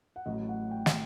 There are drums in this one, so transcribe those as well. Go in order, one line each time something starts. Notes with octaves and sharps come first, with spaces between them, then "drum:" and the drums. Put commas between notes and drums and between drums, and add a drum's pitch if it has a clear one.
F#5
A1 A2 F#3 D#5
F#5
G5
drum: snare